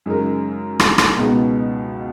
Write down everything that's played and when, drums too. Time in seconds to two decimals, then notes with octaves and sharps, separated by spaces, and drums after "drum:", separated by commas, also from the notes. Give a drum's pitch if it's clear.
0.06 F#2 C#3 G#3 D#4 A#4
0.80 drum: rim click
0.98 drum: rim click
1.16 C#2 B2 G#3 B3 D#4